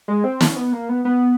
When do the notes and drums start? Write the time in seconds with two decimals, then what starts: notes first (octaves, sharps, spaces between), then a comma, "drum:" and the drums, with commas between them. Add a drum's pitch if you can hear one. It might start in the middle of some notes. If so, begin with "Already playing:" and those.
0.08 G#3
0.24 C4
0.41 C#4, drum: snare
0.56 B3
0.73 A#3
0.89 B3
1.05 B3